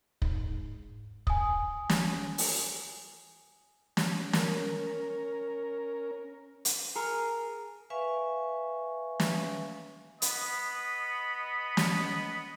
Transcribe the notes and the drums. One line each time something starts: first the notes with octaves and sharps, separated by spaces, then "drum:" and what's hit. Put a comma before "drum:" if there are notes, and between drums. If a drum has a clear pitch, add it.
G#2, drum: kick
G#5 D#6, drum: kick
drum: snare
drum: open hi-hat
drum: snare
C#4 A#4, drum: snare
drum: hi-hat
G#4 A#4
B4 E5 F5 G#5 C#6
drum: snare
B3 D#5 B5, drum: hi-hat
drum: snare